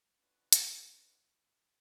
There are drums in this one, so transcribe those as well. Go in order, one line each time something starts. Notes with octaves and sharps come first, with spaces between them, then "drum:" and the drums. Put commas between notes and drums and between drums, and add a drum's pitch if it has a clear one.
C#4 D4 F4 F#4 B4
drum: hi-hat